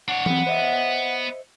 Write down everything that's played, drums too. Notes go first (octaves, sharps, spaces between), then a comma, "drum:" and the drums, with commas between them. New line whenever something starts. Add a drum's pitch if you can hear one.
D4 C#5 F#5
F#2 B3 C4, drum: tom E3
C5 D#5 E5